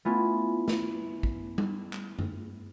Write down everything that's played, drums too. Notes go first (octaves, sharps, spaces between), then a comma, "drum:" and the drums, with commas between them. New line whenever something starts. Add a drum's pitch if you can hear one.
A3 B3 C#4 E4 F4
drum: snare
drum: kick
drum: tom G3
drum: clap
drum: tom F#2